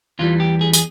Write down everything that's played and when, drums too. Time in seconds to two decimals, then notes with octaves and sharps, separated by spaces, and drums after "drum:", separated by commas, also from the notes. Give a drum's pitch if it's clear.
0.19 E2 E3 G3 F4
0.40 G4
0.61 G#4
0.73 G#4, drum: tambourine